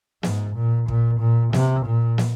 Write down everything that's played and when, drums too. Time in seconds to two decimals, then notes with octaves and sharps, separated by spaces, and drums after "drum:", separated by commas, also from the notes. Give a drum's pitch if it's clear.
0.23 G#2, drum: snare
0.56 A#2
0.88 A#2, drum: kick
1.20 A#2
1.53 C3, drum: snare
1.86 A#2
2.18 drum: snare